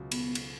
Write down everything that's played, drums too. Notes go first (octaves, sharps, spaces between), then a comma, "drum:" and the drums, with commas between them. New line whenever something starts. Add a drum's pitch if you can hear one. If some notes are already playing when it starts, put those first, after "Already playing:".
Already playing: C#2 B2 F#3
B3, drum: cymbal
drum: cymbal